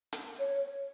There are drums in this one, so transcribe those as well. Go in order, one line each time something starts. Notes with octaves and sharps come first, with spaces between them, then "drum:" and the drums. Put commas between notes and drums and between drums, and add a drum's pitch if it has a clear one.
drum: hi-hat
C#5